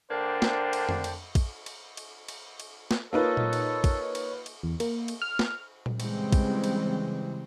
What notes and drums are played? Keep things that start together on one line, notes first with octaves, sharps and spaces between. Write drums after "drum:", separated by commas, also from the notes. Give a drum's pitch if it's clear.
D3 A#3 D4 C5 G5
drum: snare
drum: cymbal
drum: tom F2
drum: cymbal
drum: kick, cymbal
drum: cymbal
drum: cymbal
drum: cymbal
drum: cymbal
drum: snare
A#3 D#4 F4 A4 B4 C#5
drum: tom A#2
drum: cymbal
drum: kick, cymbal
drum: cymbal
drum: cymbal
E2
A#3, drum: cymbal
drum: cymbal
F6
drum: snare
drum: tom A#2
C#3 E3 G3 G#3 C4, drum: cymbal
drum: kick, cymbal
drum: cymbal